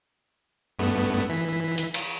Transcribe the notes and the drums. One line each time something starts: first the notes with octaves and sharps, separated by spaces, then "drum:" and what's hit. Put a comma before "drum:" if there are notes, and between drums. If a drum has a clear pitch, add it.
G2 A3 B3
E3 B6
drum: hi-hat
drum: cymbal